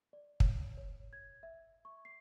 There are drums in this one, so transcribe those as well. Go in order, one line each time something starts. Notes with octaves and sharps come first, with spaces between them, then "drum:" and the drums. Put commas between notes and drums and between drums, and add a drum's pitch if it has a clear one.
D5
C#5, drum: kick
C#5
G#6
E5
C#6
C7